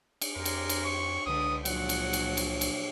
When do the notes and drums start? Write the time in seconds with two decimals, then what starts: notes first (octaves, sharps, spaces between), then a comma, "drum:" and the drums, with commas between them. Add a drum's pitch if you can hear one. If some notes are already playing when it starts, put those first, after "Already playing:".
0.21 drum: cymbal
0.36 F2 G4 A#4 G#5 C6
0.45 drum: cymbal
0.69 drum: cymbal
0.85 C#6
1.26 C#2 D3 G#3 B4 D#6
1.65 A#2 F3 F#3 F#5, drum: cymbal
1.89 drum: cymbal
2.13 drum: cymbal
2.37 drum: cymbal
2.61 drum: cymbal